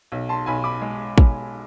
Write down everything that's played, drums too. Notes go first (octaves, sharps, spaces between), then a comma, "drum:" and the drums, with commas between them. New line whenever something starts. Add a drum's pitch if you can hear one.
B1
A5 C6
B1 G#5 B5
B5 D6
G#3
B1, drum: kick